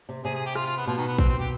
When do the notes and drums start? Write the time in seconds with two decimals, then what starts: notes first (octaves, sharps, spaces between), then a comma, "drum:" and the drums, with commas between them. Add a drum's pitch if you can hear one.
0.09 C3
0.25 C3 G#4
0.35 G#4
0.46 G4
0.55 F4, drum: rim click
0.66 F4
0.77 B3
0.87 B2 F3
0.97 D#3
1.08 B3
1.18 C4, drum: kick
1.29 C4
1.39 G4